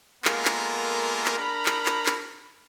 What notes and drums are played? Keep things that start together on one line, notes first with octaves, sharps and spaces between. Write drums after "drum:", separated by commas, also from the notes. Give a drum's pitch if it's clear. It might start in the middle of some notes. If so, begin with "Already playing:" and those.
G#3 A#3 B3 F4 A4 A#4, drum: clap
drum: clap
drum: clap
D4 A#4 A#5 B5
drum: clap
drum: clap
drum: clap